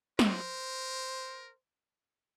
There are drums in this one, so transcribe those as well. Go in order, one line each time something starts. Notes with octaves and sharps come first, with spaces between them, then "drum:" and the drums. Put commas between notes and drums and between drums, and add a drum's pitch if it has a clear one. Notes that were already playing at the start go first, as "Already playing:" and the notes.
A#4 C5, drum: snare